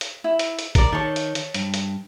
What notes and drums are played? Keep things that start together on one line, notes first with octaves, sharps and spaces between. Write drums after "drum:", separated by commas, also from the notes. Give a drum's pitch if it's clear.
drum: hi-hat
E4
drum: hi-hat
drum: hi-hat
A#4 D5, drum: kick, hi-hat
D#3 C#5 A5
drum: hi-hat
drum: hi-hat
G2, drum: hi-hat
drum: hi-hat